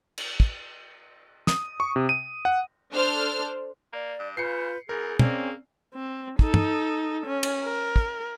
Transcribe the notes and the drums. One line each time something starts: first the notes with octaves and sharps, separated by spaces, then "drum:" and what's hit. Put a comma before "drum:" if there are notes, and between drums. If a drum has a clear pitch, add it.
drum: cymbal
drum: kick
D#6, drum: snare
C#6
C3
D#7
F#5
D4 A4 C5 F6
A#3 D5
G2
C#3 F4 B4 G6 C7 C#7
E2 G#4 A#4
A#3 C4 C#4 D5, drum: tom
C4
D#4 A4, drum: kick
drum: tom
C#4
drum: cymbal
A#4
drum: kick